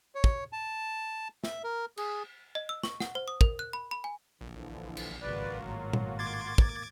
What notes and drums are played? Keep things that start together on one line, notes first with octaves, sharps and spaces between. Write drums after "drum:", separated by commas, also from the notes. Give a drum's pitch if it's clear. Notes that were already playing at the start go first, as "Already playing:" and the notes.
C#5
drum: kick
A5
E5, drum: snare
A#4
G#4, drum: cymbal
D#5
E6
C#6, drum: snare
F#5, drum: snare
C5
D#6
A#4, drum: kick
F#6
B5
B5
G#5
A#1 D3 E3 F3
drum: cymbal
G#1 C#3 A#3 F4 F#4 B4 D5
G#1 A2 F#3
drum: tom A#2
C6 D6 G#6 A6
A#3, drum: kick